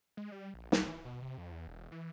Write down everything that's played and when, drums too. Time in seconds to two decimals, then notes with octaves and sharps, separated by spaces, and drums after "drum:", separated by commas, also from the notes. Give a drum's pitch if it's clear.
0.17 G#3
0.32 G3
0.54 A#1
0.72 B1, drum: snare
0.88 E3
1.05 B2
1.22 C3
1.38 F2
1.52 E2
1.68 E1
1.92 E3